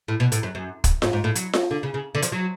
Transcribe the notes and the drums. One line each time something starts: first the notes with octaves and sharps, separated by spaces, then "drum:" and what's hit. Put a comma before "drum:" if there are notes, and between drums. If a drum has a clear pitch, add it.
A2
B2
A2, drum: hi-hat
F#2
F#2
drum: kick, hi-hat
G#2, drum: snare F4
G#2
A2
F#3, drum: hi-hat
drum: snare F4
D3
C#3
C#3
D3
F3, drum: hi-hat
F#3